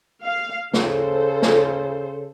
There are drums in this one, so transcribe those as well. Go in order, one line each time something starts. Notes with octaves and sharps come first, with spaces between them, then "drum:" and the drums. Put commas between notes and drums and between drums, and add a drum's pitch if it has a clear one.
F5
C#3 A4 C5, drum: snare
drum: snare